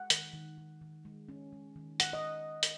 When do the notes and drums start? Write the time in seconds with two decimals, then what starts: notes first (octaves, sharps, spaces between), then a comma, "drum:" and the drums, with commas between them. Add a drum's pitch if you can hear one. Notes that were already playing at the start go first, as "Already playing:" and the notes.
Already playing: G#3 F#5
0.10 D#3, drum: hi-hat
0.33 D#3
0.58 D#3
0.81 D#3
1.05 G#3
1.29 C#4
1.52 G#3
1.76 D#3
2.00 D#3 F#5, drum: hi-hat
2.13 D#5
2.63 drum: hi-hat